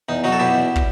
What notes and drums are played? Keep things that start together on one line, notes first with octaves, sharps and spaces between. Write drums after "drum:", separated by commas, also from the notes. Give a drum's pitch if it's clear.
E2 D#4
F#3 D#4 F#4
A4
B2 E4 G4
E2
drum: kick